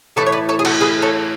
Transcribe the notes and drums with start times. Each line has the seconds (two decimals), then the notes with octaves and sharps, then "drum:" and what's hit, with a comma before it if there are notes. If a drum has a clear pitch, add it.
0.16 A2 E3 A3 A4 C#5
0.26 C#5
0.32 B4 D5
0.49 A4 C#5
0.59 G#4
0.65 F#4 A4, drum: cymbal
0.81 G#4 B4
1.02 A4 C#5